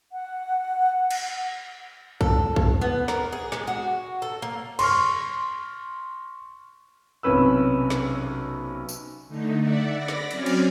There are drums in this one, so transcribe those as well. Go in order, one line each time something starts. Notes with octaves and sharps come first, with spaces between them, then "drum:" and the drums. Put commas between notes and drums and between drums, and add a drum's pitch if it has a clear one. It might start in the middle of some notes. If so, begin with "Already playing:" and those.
F#5
drum: cymbal
A4, drum: kick
drum: kick
B3
A#4, drum: snare
G#4
G#3, drum: snare
F#4
A4
A#3
C6 C#6 F6, drum: cymbal
B1 C3 C#4 B4 E6
drum: snare
drum: tambourine
D3 A3 D#4
D5 E5 F#5
D5 B5 D6 A#6
drum: snare
F#3 C4 C#4 D5 G#5 F6, drum: cymbal
drum: cymbal